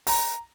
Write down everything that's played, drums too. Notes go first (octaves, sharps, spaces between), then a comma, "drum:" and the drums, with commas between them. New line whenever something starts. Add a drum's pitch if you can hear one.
A#5, drum: open hi-hat